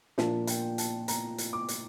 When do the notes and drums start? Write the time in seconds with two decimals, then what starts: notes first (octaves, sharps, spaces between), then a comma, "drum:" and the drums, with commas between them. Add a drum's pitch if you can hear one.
0.18 A#2 F3 A#3 D4 A5, drum: snare
0.47 G5, drum: hi-hat
0.78 A5, drum: hi-hat
1.08 A#5, drum: hi-hat
1.38 drum: hi-hat
1.53 D6
1.68 drum: hi-hat